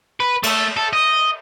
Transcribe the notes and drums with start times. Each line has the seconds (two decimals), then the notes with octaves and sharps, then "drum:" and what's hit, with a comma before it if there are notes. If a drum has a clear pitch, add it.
0.20 B4
0.43 A3 A4, drum: cymbal
0.77 A4
0.93 D#5